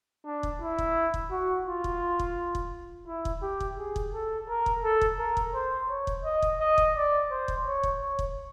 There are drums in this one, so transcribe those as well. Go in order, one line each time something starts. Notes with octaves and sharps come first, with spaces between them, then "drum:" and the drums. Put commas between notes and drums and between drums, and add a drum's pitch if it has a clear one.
D4
drum: kick
E4
drum: kick
drum: kick
F#4
F4
drum: kick
drum: kick
drum: kick
E4
drum: kick
G4
drum: kick
G#4
drum: kick
A4
A#4
drum: kick
A4
drum: kick
A#4
drum: kick
C5
C#5
drum: kick
D#5
drum: kick
D#5
drum: kick
D5
C5
drum: kick
C#5
drum: kick
C#5
drum: kick